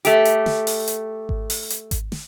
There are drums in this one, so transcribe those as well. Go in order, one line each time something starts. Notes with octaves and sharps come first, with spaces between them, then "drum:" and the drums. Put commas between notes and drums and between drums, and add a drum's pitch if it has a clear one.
A3 G4, drum: hi-hat
drum: hi-hat
drum: snare
drum: open hi-hat
drum: hi-hat
drum: kick G#1
drum: open hi-hat
drum: hi-hat
drum: kick G#1, hi-hat
drum: snare